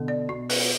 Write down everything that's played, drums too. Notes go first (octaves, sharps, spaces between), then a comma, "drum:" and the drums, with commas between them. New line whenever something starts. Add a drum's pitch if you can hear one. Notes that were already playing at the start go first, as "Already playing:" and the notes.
Already playing: B2 D3 B3
D5
B2 F#4
B4, drum: open hi-hat